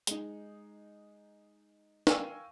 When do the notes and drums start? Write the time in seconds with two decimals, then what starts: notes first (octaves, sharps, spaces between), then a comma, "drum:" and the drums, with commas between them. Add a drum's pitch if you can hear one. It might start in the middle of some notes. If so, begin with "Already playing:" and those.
0.07 G#3 D#4, drum: hi-hat
2.07 A#4 F5 G5 G#5 C#6 E6, drum: snare